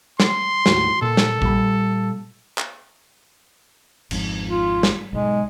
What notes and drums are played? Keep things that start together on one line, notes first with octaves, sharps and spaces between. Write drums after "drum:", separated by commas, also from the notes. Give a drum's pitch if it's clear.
C6, drum: snare
D#2 A2 F#4, drum: snare
A#2 A4
drum: snare
A#2 G3 B5, drum: kick A#1
drum: clap
G#1 F2 G#2, drum: cymbal
F4
drum: snare
B1 G#2 G#3